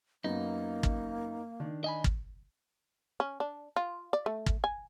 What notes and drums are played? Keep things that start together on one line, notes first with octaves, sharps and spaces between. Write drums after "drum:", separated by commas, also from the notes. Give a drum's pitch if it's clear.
F#2 A#3 B3 D#4
drum: kick
D#3 D4
D#5 G#5 B5
drum: kick
C#4
D4
F4
D5
A3
drum: kick
G#5